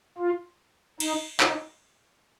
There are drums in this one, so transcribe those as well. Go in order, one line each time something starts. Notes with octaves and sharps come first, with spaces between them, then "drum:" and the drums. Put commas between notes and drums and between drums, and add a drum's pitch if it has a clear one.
F4
D#4, drum: cymbal
D#4, drum: clap